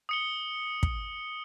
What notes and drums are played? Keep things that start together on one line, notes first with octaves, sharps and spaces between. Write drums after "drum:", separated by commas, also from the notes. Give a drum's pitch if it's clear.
D#6 C#7 G7
drum: kick